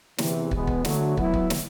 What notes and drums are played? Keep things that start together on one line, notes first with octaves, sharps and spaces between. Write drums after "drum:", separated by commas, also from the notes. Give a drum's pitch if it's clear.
E2 C3 E3, drum: snare
E2 B2 G#3 B3, drum: kick
drum: kick
D3 F#3 A3, drum: snare
F#3 B3 E4, drum: kick
drum: kick
drum: snare